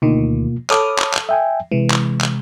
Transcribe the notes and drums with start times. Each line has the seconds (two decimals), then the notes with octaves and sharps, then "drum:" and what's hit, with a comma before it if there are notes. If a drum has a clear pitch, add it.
0.02 D2 B2 D#3 A#3 F4
0.70 A4 C#5 B5 D6 D#6 F6, drum: clap
0.98 drum: clap
1.14 drum: clap
1.29 E5 G5 G#5
1.72 C3 E3 G#3
1.90 drum: clap
2.21 drum: clap